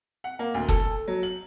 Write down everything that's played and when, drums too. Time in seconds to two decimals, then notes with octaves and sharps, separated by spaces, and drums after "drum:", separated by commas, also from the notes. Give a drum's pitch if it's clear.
0.24 F#5
0.39 A#3
0.54 D2
0.69 A4, drum: kick F#1
1.08 F#3
1.23 F#7